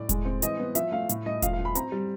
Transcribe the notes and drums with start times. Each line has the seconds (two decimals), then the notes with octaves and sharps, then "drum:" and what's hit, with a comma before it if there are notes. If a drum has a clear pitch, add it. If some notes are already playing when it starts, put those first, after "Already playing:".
Already playing: A2 D5
0.09 G#3, drum: kick E1, hi-hat
0.25 C4
0.42 E3 D#5, drum: hi-hat
0.59 B3
0.75 F3 E5, drum: hi-hat
0.92 A3 F5
1.09 A2, drum: hi-hat
1.26 A3 D#5
1.42 F3 F5, drum: kick E1, hi-hat
1.53 F5
1.59 F3
1.65 B5
1.75 C4 A#5, drum: hi-hat
1.92 G3